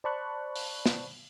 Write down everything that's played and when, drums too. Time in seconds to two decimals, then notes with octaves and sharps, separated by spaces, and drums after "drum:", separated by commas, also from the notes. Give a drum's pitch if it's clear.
0.04 C5 D5 A5 B5 C#6 F#6
0.56 drum: open hi-hat
0.86 drum: snare